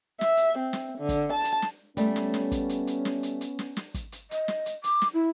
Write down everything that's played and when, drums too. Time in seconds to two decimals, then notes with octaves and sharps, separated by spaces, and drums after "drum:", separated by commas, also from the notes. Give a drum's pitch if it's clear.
0.21 E5, drum: snare
0.37 drum: hi-hat
0.59 C4
0.73 drum: snare
0.99 D3
1.09 drum: kick, hi-hat
1.33 A5
1.44 drum: hi-hat
1.62 drum: snare
1.97 G3 A3 B3 C#4, drum: hi-hat
2.16 drum: snare
2.34 drum: snare
2.52 drum: kick, hi-hat
2.69 drum: hi-hat
2.87 drum: hi-hat
3.05 drum: snare
3.23 drum: hi-hat
3.41 drum: hi-hat
3.59 drum: snare
3.77 drum: snare
3.94 drum: kick, hi-hat
4.12 drum: hi-hat
4.31 D#5, drum: hi-hat
4.48 drum: snare
4.66 drum: hi-hat
4.84 D6, drum: hi-hat
5.02 drum: snare
5.14 E4